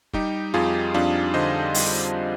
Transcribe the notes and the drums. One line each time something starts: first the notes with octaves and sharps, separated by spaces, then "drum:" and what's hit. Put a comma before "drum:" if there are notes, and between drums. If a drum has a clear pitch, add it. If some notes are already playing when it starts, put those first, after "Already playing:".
G3 D#4 G4, drum: kick
F2 F4 G#4
F2 D4 F4
D3 C5 D#5
G3, drum: open hi-hat